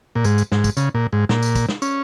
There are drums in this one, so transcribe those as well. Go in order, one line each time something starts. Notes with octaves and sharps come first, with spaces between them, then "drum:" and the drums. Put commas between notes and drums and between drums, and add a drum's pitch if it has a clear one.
A#2
G#2, drum: tambourine
drum: tambourine
G#2, drum: snare
drum: kick, tambourine
C#3, drum: tambourine
A#2
G#2
A#2, drum: snare
drum: tambourine
drum: kick, tambourine
drum: snare
C#4, drum: tambourine